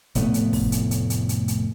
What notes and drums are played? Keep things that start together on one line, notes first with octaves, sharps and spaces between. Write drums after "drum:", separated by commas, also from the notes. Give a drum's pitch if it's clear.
F1 A2 A3 B3, drum: hi-hat
drum: hi-hat
drum: kick, open hi-hat
drum: hi-hat
drum: hi-hat
drum: hi-hat
drum: hi-hat
drum: hi-hat